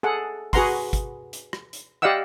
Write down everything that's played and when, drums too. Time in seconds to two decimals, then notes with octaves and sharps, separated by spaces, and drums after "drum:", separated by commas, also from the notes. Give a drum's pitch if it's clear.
0.03 G#4 A4 F#5
0.53 F#4 G#4 B4 F#5 A#5 C6, drum: kick, open hi-hat
0.93 drum: kick, hi-hat
1.33 drum: hi-hat
1.53 drum: rim click
1.73 drum: hi-hat
2.02 G4 D5 D#5 F5 F#5 E6